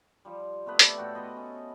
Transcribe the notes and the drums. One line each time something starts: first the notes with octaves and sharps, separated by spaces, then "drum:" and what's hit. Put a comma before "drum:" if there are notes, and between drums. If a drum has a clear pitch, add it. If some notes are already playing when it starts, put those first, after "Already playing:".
F3 G3
C3 A3 B3 B4
A4 B4 D5, drum: hi-hat
A2 F#4 A4 G5
B3 B4 D#5 C6
C#4